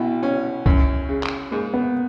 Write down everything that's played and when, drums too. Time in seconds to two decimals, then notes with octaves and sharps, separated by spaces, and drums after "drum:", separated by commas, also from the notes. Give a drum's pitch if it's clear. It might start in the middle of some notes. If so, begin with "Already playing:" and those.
Already playing: B1 B2 E4 F#4
0.23 C#4
0.66 F#2, drum: kick C2
1.09 C#3
1.23 drum: clap
1.51 G#2 A#3
1.74 B3